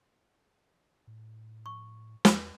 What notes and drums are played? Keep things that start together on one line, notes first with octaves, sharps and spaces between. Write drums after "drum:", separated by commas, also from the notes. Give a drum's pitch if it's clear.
A2
C#6
E2, drum: snare